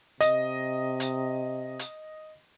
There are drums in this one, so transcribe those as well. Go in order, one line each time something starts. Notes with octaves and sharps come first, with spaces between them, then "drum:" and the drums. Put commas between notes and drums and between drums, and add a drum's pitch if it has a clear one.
C3 D#5, drum: hi-hat
drum: hi-hat
drum: hi-hat